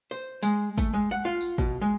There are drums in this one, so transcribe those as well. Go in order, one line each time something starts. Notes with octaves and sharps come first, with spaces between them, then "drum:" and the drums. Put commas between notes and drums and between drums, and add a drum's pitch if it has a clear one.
C5
G#3, drum: tambourine
A3, drum: kick G#1, tambourine
G#3
F#5
F4
drum: tambourine
B2, drum: kick G#1
G#3